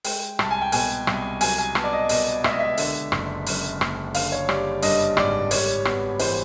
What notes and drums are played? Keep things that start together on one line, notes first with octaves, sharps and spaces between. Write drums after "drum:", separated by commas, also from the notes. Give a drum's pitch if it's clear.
G#3 G5, drum: open hi-hat
C2 A5, drum: rim click
G#5
G5
B2 G#5, drum: open hi-hat
C2, drum: rim click
F#3 G#5, drum: open hi-hat
G#5
B3 A5, drum: rim click
D5
D#5
B2 D#5, drum: open hi-hat
C#2 E5, drum: rim click
D#5
E5
D3, drum: open hi-hat
F#1, drum: rim click
F#2, drum: open hi-hat
F#1, drum: rim click
D3 F5, drum: open hi-hat
C#5
G3 D5, drum: rim click
G2 D#5, drum: open hi-hat
G#1 D5, drum: rim click
G3 C#5, drum: open hi-hat
B3, drum: rim click
E3 C5, drum: open hi-hat